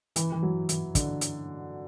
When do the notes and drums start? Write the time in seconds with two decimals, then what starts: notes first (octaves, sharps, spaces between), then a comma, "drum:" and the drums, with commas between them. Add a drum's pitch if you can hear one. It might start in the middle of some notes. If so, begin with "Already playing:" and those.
0.16 E3, drum: hi-hat
0.32 E3
0.43 F#3
0.69 E3, drum: hi-hat
0.95 D3, drum: kick, hi-hat
1.21 drum: hi-hat